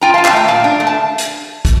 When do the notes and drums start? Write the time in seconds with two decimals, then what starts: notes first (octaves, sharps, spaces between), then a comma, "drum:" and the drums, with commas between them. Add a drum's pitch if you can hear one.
0.01 F4 G5 A#5
0.14 F5 A5
0.18 F4
0.25 F5 A5, drum: clap
0.33 A3 G5 A#5
0.48 A#2 F5 A5
0.64 D4
0.80 A3
0.87 A5
1.18 drum: hi-hat
1.65 drum: kick, hi-hat